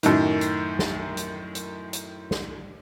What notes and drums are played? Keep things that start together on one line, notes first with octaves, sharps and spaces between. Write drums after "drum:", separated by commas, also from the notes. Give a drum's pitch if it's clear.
F#2 A2 D#3, drum: hi-hat
drum: hi-hat
drum: snare
drum: hi-hat
drum: hi-hat
drum: hi-hat
drum: snare